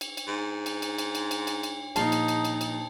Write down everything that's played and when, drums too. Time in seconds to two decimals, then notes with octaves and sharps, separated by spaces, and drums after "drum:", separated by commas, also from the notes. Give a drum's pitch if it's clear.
0.01 drum: cymbal
0.17 drum: cymbal
0.28 G#2
0.66 drum: cymbal
0.82 drum: cymbal
0.98 drum: cymbal
1.15 drum: cymbal
1.31 drum: cymbal
1.47 drum: cymbal
1.63 drum: cymbal
1.96 A#1 D#4 F4 A5, drum: cymbal
2.12 drum: cymbal
2.28 drum: cymbal
2.45 drum: cymbal
2.61 drum: cymbal